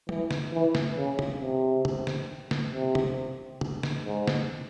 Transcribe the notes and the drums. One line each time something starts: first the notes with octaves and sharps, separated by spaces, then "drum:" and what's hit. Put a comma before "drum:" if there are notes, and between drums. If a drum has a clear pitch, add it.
E3, drum: tom F#3
drum: snare
E3
drum: snare
C#3
drum: tom
C3
drum: tom
drum: snare
drum: snare
C3
drum: tom
drum: tom
drum: snare
G#2
drum: snare